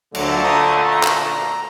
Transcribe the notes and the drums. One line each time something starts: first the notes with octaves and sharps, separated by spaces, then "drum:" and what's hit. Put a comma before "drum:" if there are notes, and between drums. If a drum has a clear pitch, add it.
D2 A#2 D3 F#3 A3, drum: cymbal
A#5 D#6
A#5
drum: clap